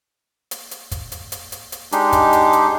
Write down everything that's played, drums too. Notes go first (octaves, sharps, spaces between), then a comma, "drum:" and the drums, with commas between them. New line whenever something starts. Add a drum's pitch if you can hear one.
drum: hi-hat
drum: hi-hat
drum: kick, hi-hat
drum: hi-hat
drum: hi-hat
drum: hi-hat
drum: hi-hat
G#3 D4 D#4 G4, drum: hi-hat
drum: kick, hi-hat
drum: hi-hat
drum: hi-hat